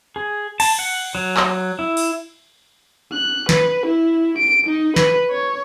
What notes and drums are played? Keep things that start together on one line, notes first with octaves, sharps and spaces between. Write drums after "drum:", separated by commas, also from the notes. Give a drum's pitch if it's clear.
G#4
A5, drum: cymbal
F#5
F#3
drum: clap
E4
drum: open hi-hat
F#6
B4, drum: snare
E4
D7
D#4
B4, drum: snare
C#5